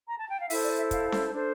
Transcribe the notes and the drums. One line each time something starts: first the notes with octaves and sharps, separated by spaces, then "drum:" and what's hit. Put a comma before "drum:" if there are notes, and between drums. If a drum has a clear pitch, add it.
A#5
A5
G5
F5
E4 A4 C5 E5, drum: open hi-hat
D5
E5
F5, drum: kick, hi-hat
drum: snare C#4
D4 A4 C5